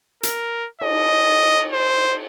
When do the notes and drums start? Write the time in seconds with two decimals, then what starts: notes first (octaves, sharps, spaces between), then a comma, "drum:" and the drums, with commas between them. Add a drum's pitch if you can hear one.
0.23 A#4, drum: hi-hat
0.81 D#5, drum: cymbal
1.72 C5